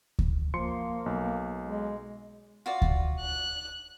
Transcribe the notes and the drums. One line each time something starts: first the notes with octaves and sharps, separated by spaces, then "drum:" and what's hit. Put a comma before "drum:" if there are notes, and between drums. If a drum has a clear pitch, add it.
drum: kick D2
F3 A#3 C6 C#7
B1
G#3
F4 F#4 D5
drum: kick D2
F#6